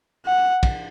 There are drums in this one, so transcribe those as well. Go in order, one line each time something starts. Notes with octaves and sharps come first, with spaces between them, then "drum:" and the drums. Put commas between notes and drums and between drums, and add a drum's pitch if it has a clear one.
F#5
drum: kick, cymbal